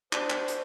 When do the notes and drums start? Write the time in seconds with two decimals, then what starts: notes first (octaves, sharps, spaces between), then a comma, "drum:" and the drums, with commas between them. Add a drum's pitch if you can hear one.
0.13 D4 C5, drum: clap
0.30 drum: clap
0.48 drum: hi-hat